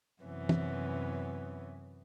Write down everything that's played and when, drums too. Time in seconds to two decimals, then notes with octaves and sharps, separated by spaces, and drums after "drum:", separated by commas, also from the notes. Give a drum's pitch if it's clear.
0.22 F#2 C3 E3 B3 C#4
0.49 drum: tom